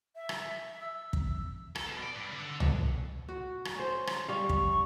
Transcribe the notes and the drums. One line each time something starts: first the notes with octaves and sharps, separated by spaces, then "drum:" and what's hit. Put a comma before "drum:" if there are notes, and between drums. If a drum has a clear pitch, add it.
E5
drum: rim click
E6
drum: kick
A4, drum: rim click
B2
D5
G2
D3
D3
drum: tom C2
F#4
drum: rim click
C#4 C5
drum: rim click
G3 F5 C#6
drum: kick